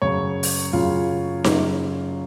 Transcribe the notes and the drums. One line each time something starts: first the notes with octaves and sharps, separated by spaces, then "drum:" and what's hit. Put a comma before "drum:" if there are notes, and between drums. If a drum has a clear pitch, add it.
F#2 C#3 C#5
drum: open hi-hat
F#2 C#3 F4
F#2 C#3, drum: snare D#4